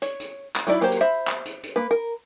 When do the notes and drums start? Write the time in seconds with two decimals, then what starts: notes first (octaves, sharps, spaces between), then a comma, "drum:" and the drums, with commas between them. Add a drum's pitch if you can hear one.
0.02 C#5, drum: hi-hat
0.20 drum: hi-hat
0.56 drum: clap
0.67 F#3 D#4 E4 D5 B5
0.81 F#3 A#3 G4 A#4 C5
0.92 drum: hi-hat
1.01 C5 E5 B5
1.28 drum: clap
1.46 drum: hi-hat
1.64 drum: hi-hat
1.76 A#3 B4
1.91 A#4